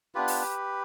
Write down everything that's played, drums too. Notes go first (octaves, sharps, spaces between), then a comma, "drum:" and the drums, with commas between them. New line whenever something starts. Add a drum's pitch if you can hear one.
B3 D4 F4 G4 B4
drum: open hi-hat